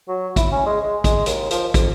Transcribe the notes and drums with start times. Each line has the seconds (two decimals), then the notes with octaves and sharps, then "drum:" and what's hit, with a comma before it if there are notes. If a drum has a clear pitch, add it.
0.08 F#3
0.36 E4, drum: kick, hi-hat
0.52 C#4
0.66 G#3
0.80 G#3
1.04 G#3, drum: kick, hi-hat
1.26 D#2, drum: hi-hat
1.51 F3, drum: hi-hat
1.74 F2, drum: kick, hi-hat